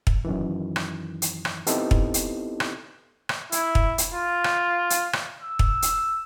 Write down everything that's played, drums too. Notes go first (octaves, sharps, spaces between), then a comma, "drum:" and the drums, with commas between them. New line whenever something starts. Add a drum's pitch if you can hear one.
drum: kick
F#2 D#3 E3
drum: rim click
drum: hi-hat
drum: rim click
B3 C4 D#4 E4 G4 A4, drum: hi-hat
drum: kick
drum: hi-hat
drum: rim click
drum: rim click
E4, drum: hi-hat
drum: kick
drum: hi-hat
F4
drum: rim click
drum: hi-hat
drum: rim click
E6
drum: kick
drum: hi-hat